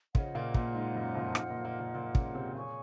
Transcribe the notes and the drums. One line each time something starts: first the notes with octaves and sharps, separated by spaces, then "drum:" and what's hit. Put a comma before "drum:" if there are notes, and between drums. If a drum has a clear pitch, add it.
C#3 C#4 F4 C5 D#5 F#5, drum: kick
A#2 A#3
A#2 A#3, drum: kick
G#2 G#3
F#2 F#3
F2 F3
G#2 G#3, drum: rim click
A#2 A#3
A#2 A#3
A#2 A#3
A#2 A#3
C#3 C#4, drum: kick
C3 C4
A#2 A#3 G#4 C#5 G#5 C#6